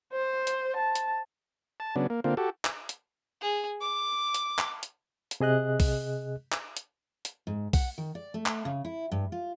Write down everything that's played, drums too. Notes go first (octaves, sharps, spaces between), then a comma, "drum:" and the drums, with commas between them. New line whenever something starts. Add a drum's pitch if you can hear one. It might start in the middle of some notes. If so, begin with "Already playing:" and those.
C5
drum: hi-hat
A5
drum: hi-hat
A5
C#3 F#3 B3 D4
A#3
D3 A#3 C4 F4
F#4 G4 A4
drum: clap
drum: hi-hat
G#4
D6
drum: hi-hat
drum: clap
drum: hi-hat
drum: hi-hat
C3 G#4 D#5 F#6
drum: kick B1, open hi-hat
drum: clap
drum: hi-hat
drum: hi-hat
G#2
F#5, drum: kick B1, open hi-hat
D#3
D5
A3
drum: clap
C#3
E4
G2
F4